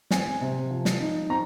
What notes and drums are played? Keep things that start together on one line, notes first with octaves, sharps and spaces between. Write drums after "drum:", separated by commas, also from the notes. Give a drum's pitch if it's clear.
C4 G#5, drum: snare
C3
F3
drum: snare
D#4
C4 A#5